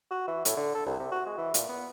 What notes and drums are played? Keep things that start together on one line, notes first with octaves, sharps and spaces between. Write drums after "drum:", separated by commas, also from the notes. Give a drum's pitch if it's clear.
F#4
E3
A2, drum: hi-hat
D3
A4
C2
C3
F#4
G#3
E3
A#2, drum: hi-hat
B3